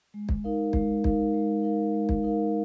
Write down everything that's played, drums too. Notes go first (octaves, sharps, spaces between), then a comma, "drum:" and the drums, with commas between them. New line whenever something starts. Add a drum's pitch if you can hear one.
G#3
drum: kick
D#4 A#4 F5
G#3, drum: kick
D#4 A#4 F5, drum: kick
G#3
D#4 A#4 F5
G#3
drum: kick
D#4 A#4 F5